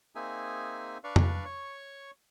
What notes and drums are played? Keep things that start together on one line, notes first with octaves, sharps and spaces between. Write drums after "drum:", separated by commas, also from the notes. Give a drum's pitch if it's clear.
A#3 C4 D#4 G#4 E5 G#5
D4 B4 D5 F5 C#6
drum: tom F2
C#5 C#6